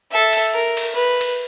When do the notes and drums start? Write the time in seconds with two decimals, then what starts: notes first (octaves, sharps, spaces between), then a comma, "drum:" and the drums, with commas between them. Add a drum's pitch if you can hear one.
0.11 A4 E5
0.33 drum: cymbal
0.53 A#4
0.77 drum: cymbal
0.95 B4
1.21 drum: cymbal